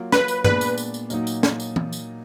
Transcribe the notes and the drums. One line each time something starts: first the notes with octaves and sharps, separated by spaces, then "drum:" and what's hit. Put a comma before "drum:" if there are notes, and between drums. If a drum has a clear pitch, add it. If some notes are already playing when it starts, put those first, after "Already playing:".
Already playing: F#3 A#3 F4
B4, drum: snare
drum: tambourine
A#2 G#3 B3 D4 B4, drum: tom G2
drum: tambourine
drum: tambourine
drum: tambourine
A#2 F#3 A#3 D#4, drum: tambourine
drum: tambourine
drum: snare
drum: tambourine
drum: tom
drum: tambourine